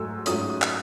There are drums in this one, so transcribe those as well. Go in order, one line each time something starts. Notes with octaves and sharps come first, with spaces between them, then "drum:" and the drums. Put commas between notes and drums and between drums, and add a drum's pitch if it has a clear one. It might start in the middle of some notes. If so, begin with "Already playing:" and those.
Already playing: G#2 F#3 A3 E6
G#2 F#3 A3 C#4 D#6, drum: hi-hat
D#6
drum: clap